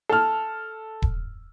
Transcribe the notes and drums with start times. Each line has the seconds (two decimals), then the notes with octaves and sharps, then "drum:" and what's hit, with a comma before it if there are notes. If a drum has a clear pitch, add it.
0.09 A4 F6
1.02 drum: kick D#1